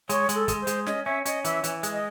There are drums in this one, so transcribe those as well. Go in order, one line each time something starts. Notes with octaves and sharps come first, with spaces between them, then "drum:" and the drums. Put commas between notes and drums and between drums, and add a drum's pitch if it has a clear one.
G#3 C#5, drum: hi-hat
G#3, drum: hi-hat
A4
G#3, drum: kick, hi-hat
C5
G#3, drum: hi-hat
C#4 D#5, drum: snare
C#4 E5
C#4 D#5, drum: hi-hat
E3 E5, drum: hi-hat
E3, drum: hi-hat
G#3, drum: hi-hat
D#5